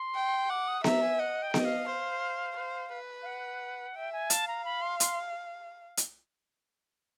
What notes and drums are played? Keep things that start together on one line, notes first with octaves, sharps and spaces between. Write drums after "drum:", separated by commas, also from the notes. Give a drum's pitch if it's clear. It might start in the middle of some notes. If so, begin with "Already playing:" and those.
Already playing: C6
G5
F#5 D6
D#6
E5 A#5, drum: snare B3
G#5
D#5 F#5
G5
D#5, drum: snare B3
F5
C5
C5
B4
F5
F#5
E5 G5
G#5
F5 A5, drum: hi-hat
A#5
B5
C6
C6, drum: hi-hat
drum: hi-hat